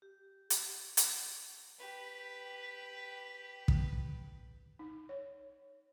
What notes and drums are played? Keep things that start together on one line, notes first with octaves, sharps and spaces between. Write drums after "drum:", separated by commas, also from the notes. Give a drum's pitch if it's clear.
G4
drum: hi-hat
drum: hi-hat
G4 B4
drum: kick
D#4
C#5